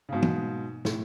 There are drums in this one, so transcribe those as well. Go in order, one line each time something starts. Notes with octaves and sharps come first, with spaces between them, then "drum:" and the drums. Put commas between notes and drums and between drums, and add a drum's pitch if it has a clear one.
C#3
G#2 B2
drum: tom
A2, drum: snare